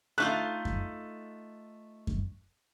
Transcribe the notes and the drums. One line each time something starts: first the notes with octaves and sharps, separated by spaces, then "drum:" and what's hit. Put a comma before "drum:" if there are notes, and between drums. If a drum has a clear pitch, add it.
A3 D#4 F4 F#6
drum: kick F#2
drum: kick F#2